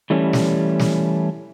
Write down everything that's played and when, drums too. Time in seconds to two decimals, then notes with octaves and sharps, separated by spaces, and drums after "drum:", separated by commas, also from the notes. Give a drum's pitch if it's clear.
0.10 E3 G3 A3 C#4
0.33 drum: snare
0.79 drum: snare